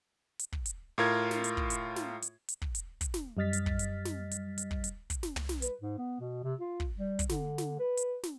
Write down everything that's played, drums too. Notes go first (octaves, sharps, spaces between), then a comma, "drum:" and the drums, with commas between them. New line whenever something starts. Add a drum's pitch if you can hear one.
drum: hi-hat
drum: kick
drum: hi-hat
A2 F4 A#4 G#6
drum: snare
drum: hi-hat
drum: kick
drum: hi-hat
drum: snare
drum: hi-hat
drum: hi-hat
drum: kick
drum: hi-hat
drum: kick, hi-hat
drum: snare
F#2 G3 D#5 F6 A6 B6
drum: hi-hat
drum: kick
drum: hi-hat
drum: snare
drum: hi-hat
drum: hi-hat
drum: kick
drum: hi-hat
drum: kick, hi-hat
drum: snare
drum: tom
drum: snare
B4, drum: hi-hat
G#2
B3
B2
C3
F4
drum: kick
G3
drum: kick, hi-hat
D3, drum: snare
drum: snare
B4
drum: hi-hat
drum: snare